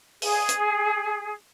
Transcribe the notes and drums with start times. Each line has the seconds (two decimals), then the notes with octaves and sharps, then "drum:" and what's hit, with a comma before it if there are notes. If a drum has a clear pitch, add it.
0.22 G#4, drum: open hi-hat
0.49 drum: hi-hat